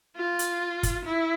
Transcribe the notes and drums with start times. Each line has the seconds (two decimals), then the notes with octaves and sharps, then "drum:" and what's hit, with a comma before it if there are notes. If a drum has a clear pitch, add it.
0.16 F4
0.39 drum: hi-hat
0.83 drum: kick, hi-hat
1.05 E4